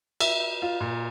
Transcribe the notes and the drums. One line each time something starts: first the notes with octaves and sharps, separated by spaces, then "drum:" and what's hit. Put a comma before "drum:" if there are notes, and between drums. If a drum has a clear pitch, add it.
E5, drum: cymbal
F4
A#2